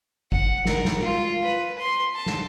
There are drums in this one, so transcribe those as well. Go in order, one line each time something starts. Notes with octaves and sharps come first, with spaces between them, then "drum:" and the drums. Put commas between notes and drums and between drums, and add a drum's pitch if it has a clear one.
F#5, drum: kick
A#4, drum: snare
drum: snare
F4, drum: tom G#3
B4
C6
A5
drum: snare